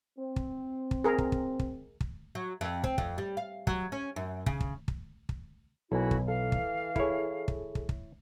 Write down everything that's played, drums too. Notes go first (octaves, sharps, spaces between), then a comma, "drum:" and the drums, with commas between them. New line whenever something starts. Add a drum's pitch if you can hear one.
C4
drum: kick
drum: kick
G#4 A#4
drum: kick
drum: kick
drum: kick
drum: kick
F#3
F2
C4, drum: kick
F2, drum: kick
G3
F5
F#3, drum: kick
C#4
F#2
C#3, drum: kick
drum: kick
drum: kick
drum: kick
B1 A#3 E4 F#4 A4 G#5
drum: kick
E3 A4 F5
drum: kick
E4 G#4 A4 C#5, drum: kick
drum: kick
drum: kick
drum: kick